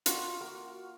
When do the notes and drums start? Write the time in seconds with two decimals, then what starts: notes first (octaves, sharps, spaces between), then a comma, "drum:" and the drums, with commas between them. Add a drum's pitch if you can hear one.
0.06 F4 F#4, drum: hi-hat
0.41 A#3 F#4 A#4